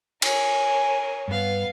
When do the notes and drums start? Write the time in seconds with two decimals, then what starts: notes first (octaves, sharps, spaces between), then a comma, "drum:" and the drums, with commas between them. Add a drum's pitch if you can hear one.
0.22 A#4 C#5 G#5, drum: cymbal
1.28 G2 B3 B4 F5